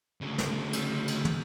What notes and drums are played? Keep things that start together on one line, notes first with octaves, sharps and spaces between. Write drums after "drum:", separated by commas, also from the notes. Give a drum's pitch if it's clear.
D2 C#3
drum: snare
drum: cymbal
drum: cymbal
drum: tom